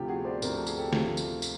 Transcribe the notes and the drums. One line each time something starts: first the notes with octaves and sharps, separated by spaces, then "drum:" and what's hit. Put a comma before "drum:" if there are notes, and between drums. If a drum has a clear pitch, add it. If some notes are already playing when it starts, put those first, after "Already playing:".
Already playing: D2 C3 F3 F4 G4
F#4 G#4
C5 D5
D2 C3 F3 A#4, drum: tambourine
A4
G#4, drum: tambourine
G4 A4
D2 C3 F3, drum: snare
drum: tambourine
drum: tambourine